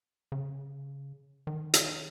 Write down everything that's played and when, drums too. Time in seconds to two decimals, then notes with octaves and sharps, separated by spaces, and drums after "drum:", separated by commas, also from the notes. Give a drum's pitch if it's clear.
0.32 C#3
1.47 D#3
1.74 drum: hi-hat